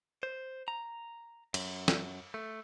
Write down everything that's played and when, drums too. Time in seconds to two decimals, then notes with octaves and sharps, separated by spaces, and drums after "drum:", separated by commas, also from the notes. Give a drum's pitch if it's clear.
0.23 C5
0.68 A#5
1.54 F#2, drum: cymbal
1.88 drum: snare
2.34 A3